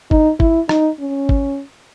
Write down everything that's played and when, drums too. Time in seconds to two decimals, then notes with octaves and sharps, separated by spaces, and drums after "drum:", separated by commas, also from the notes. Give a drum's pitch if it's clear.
0.11 D#4, drum: kick
0.40 E4, drum: kick
0.69 D#4, drum: rim click
1.00 C#4
1.29 drum: kick